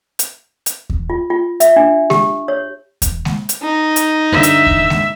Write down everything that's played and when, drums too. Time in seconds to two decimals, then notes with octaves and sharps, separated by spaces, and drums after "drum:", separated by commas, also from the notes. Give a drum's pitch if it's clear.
0.19 drum: hi-hat
0.66 drum: hi-hat
0.90 drum: kick D#2
1.10 F4
1.30 F4
1.60 E5, drum: hi-hat
1.76 D4
2.10 G4, drum: snare G#3
2.48 C#5
3.02 drum: kick D#2, hi-hat
3.25 drum: snare G#3
3.49 drum: hi-hat
3.62 D#4
3.96 drum: hi-hat
4.32 G2 D3 E5
4.43 drum: hi-hat
4.67 drum: kick D#2
4.90 drum: snare G#3